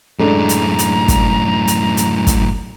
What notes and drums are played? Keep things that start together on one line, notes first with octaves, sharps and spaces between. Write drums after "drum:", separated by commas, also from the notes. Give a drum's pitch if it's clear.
F#2 A2 G#3 A3 D4 A#5
drum: hi-hat
drum: hi-hat
drum: kick, hi-hat
drum: hi-hat
drum: hi-hat
drum: kick, hi-hat